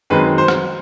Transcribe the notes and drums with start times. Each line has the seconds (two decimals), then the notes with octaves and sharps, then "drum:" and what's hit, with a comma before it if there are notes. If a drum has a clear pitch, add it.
0.10 F#2 D#3 G#3 C4 B4
0.38 C5
0.48 drum: rim click